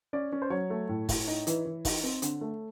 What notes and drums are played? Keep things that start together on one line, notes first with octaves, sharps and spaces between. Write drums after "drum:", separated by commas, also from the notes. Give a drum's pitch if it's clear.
C#4 D5
C#4
C5
F#3 C#5
A3
A2
A2, drum: kick, open hi-hat
D#4
E3, drum: hi-hat
E3
D#4, drum: kick, open hi-hat
C4
D3, drum: hi-hat
A3